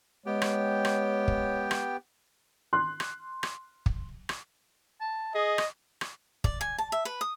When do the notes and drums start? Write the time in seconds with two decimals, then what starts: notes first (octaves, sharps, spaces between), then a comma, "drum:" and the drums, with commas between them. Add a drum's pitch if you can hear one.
0.26 G#3 B3 G4 C#5 G5
0.42 drum: rim click
0.85 drum: rim click
1.28 drum: kick
1.71 drum: rim click
2.73 C6 F#6
3.00 drum: rim click
3.43 drum: rim click
3.86 drum: kick
4.29 drum: rim click
5.00 A5
5.34 G#4 D#5
5.58 drum: rim click
6.01 drum: rim click
6.44 D5, drum: kick
6.61 G#5
6.78 A5
6.92 E5
7.05 B4
7.21 D#6